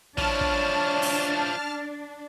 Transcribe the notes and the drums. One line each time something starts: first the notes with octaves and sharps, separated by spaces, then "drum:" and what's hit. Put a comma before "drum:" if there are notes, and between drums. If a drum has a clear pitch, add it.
F3 D4 E4 C#5 A5 F6, drum: kick
drum: kick
drum: open hi-hat